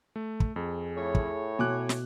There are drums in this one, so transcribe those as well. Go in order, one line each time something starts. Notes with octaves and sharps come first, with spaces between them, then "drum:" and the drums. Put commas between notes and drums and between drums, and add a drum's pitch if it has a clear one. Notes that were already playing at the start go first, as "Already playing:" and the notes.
A3
drum: kick
F2 G#4
A2 C#5
drum: kick
B2 G#5 D6 F#6
drum: snare